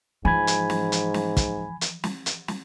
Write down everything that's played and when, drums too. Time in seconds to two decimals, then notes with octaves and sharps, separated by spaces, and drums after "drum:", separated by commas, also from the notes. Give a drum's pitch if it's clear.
0.25 G#2 E3 F3 G#5 B5 G#6
0.47 drum: hi-hat
0.70 drum: snare
0.92 drum: hi-hat
1.14 drum: snare
1.37 drum: kick, hi-hat
1.81 drum: hi-hat
2.04 drum: snare
2.26 drum: hi-hat
2.48 drum: snare